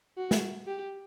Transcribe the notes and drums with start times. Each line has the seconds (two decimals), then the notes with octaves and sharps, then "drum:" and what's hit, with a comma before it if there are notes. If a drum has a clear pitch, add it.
0.18 F#4
0.31 drum: snare
0.67 G4